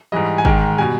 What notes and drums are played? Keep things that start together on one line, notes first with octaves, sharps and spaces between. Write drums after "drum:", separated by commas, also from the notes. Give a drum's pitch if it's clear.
G#2 E3 G3 D#5
G#5
G#2 D#3 G#3 G5, drum: kick
B2 G3 G#5